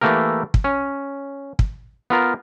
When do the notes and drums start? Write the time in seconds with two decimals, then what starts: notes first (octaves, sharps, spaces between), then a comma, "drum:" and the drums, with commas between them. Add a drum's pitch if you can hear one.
0.01 E3 A3 A#3 G4 A#4
0.54 drum: kick
0.64 C#4
1.59 drum: kick
2.10 B3 F4 A#4